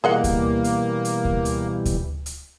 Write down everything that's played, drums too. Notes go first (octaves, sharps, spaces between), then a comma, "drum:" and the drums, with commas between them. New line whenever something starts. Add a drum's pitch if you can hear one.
B2 E3 G3 A#3 G#4 D#5 F#5
drum: kick D2, hi-hat
drum: hi-hat
drum: hi-hat
drum: kick D2
drum: hi-hat
drum: kick D2, hi-hat
drum: hi-hat